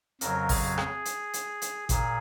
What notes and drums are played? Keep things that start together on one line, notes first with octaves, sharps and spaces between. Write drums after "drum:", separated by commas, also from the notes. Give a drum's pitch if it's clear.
F2 C#3 F#3 A#4, drum: hi-hat
G#4, drum: kick, open hi-hat
G#4, drum: rim click
drum: hi-hat
drum: hi-hat
drum: hi-hat
A#2 G#4, drum: kick, hi-hat